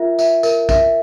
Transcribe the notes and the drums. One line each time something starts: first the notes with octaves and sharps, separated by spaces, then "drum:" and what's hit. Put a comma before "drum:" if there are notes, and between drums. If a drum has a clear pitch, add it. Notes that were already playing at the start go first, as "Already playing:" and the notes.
Already playing: F4 A#4 E5
E5, drum: tambourine
A#4, drum: tambourine
E5, drum: kick, tambourine